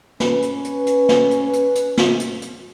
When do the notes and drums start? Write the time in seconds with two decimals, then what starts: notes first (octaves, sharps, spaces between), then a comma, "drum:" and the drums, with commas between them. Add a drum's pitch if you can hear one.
0.20 C#4 B4, drum: snare
0.42 drum: hi-hat
0.64 drum: hi-hat
0.87 drum: hi-hat
1.09 drum: snare
1.31 drum: hi-hat
1.53 drum: hi-hat
1.75 drum: hi-hat
1.97 drum: snare
2.20 drum: hi-hat
2.42 drum: hi-hat